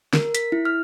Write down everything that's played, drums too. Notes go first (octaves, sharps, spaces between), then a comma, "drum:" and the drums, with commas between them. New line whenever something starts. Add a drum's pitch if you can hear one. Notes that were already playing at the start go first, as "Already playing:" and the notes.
A#4, drum: snare
B6, drum: hi-hat
E4
F6